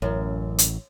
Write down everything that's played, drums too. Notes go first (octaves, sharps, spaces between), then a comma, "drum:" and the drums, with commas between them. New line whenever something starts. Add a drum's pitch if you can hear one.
A1 F#2
drum: hi-hat